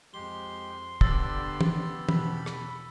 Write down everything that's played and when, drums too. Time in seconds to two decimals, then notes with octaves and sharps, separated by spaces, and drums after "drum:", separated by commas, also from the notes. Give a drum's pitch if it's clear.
0.14 F2 G#3 G4 C6 G7
1.01 D3 B3 D4 G4 E6 A6, drum: kick
1.61 drum: tom
2.09 E2 B2 B5, drum: tom
2.46 drum: rim click